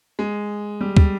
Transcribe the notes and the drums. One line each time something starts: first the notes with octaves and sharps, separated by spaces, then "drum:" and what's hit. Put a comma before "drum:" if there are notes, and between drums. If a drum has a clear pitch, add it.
G#3
G3
G3, drum: kick